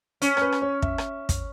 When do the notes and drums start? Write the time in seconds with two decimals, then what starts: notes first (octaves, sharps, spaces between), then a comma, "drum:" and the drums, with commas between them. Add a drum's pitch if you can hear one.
0.22 C#4 C#5, drum: hi-hat
0.37 C#5, drum: rim click
0.42 B4
0.52 drum: rim click
0.62 C#5
0.82 E5, drum: kick
0.98 drum: rim click
1.29 drum: kick, hi-hat